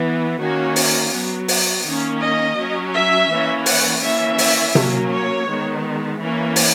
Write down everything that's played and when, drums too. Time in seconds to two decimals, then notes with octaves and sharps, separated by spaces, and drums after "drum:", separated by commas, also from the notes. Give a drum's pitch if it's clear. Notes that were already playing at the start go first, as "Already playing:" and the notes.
Already playing: E3 B3
0.39 D#3 A#3 C#4 F#4
0.76 drum: open hi-hat
1.12 F#3 B3
1.48 drum: open hi-hat
1.85 D#3 A#3 C#4
2.21 D#5
2.56 F#3 C#4
2.93 E5
3.30 E3 A#3 C#4
3.66 F#5, drum: open hi-hat
4.02 E3 A#3 C#4 E5
4.38 drum: open hi-hat
4.75 F#3 A#3 C#4, drum: tom C3
5.11 C#5
5.47 D#3 G#3 B3
6.20 E3 A#3 C#4
6.56 drum: open hi-hat